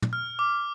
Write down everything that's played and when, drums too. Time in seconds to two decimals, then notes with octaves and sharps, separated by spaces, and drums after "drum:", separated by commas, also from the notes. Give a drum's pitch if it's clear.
0.02 drum: tom
0.13 F6
0.39 D6